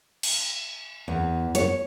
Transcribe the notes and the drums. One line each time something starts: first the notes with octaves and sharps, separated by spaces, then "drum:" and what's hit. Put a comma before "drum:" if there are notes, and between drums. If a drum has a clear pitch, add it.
drum: cymbal
E2
C#5, drum: hi-hat